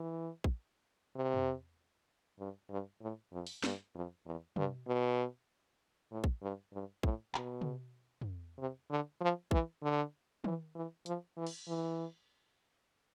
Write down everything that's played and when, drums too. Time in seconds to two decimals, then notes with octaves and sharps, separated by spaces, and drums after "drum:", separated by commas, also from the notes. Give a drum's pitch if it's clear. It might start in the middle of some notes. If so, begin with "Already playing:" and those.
Already playing: E3
0.44 drum: kick
1.16 C3
1.34 drum: tom
2.39 G2
2.70 G2
3.01 A2
3.32 F2
3.47 drum: open hi-hat
3.64 G2, drum: snare
3.95 F2
4.25 E2
4.56 G2, drum: tom
4.87 B2
6.11 A2
6.24 drum: kick
6.42 G2
6.73 G2
7.03 A2, drum: kick
7.35 B2, drum: clap
7.61 drum: tom
8.21 drum: tom
8.58 C3
8.90 D3
9.21 F3
9.51 E3, drum: kick
9.83 D3
10.44 E3, drum: tom
10.75 E3
11.06 F3, drum: hi-hat
11.37 E3
11.47 drum: cymbal
11.68 E3